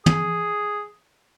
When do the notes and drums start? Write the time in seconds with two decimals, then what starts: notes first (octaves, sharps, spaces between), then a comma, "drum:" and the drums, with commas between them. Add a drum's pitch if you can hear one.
0.06 G#4, drum: tom